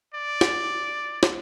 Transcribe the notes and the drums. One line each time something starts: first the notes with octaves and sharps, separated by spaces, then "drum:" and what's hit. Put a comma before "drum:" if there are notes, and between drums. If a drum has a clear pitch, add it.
D5
drum: snare
drum: snare